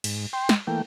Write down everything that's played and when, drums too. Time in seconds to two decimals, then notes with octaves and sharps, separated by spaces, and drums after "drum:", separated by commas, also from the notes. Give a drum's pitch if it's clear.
0.04 G#2, drum: cymbal
0.33 G5 C6
0.49 drum: snare
0.67 E3 A3 A#3 G5